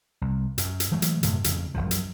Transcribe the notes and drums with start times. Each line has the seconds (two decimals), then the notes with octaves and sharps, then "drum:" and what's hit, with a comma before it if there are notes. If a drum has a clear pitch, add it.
0.21 C2
0.58 F#2, drum: hi-hat
0.80 drum: hi-hat
0.92 E3 F#3 G#3 A3
1.02 drum: hi-hat
1.23 F#2 A2 C3, drum: hi-hat
1.44 F2 C#3, drum: hi-hat
1.74 F#1 B1 F#2 F3
1.91 drum: hi-hat